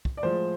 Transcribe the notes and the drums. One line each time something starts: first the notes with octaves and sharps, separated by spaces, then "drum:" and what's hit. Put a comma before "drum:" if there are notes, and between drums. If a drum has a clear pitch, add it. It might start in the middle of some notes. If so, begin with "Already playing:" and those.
drum: kick
D5
A2 F3 G#3 C5